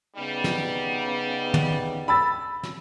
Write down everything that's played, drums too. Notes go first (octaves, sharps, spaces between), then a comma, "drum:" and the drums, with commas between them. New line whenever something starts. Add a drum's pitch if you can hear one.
C#3 G3 B3 D#4
drum: snare
drum: tom
B5 E6 A6
drum: snare